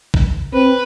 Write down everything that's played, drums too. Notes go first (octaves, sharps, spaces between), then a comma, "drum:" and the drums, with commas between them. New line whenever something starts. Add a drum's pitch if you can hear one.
drum: kick
C4 B4